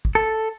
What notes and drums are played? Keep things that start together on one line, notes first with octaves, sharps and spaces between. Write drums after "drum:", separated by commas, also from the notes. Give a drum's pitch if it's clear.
drum: kick
A4